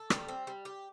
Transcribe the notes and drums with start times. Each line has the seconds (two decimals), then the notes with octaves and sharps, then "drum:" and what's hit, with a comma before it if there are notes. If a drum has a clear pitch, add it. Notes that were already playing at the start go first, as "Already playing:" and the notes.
Already playing: A4
0.10 G3, drum: rim click
0.28 C4
0.47 G3
0.65 G4